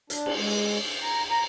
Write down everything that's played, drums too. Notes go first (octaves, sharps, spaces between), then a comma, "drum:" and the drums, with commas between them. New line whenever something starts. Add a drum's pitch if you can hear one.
D4, drum: hi-hat
drum: cymbal
G#3
A#5
A#5